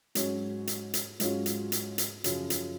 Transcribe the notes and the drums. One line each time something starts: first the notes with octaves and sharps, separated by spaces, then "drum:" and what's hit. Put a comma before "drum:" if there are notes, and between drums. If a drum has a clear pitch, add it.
G#2 F#3 C#4, drum: hi-hat
drum: hi-hat
drum: hi-hat
G#2 F#3 C#4 F4, drum: hi-hat
drum: hi-hat
drum: hi-hat
drum: hi-hat
F#2 C#3 F3, drum: hi-hat
drum: hi-hat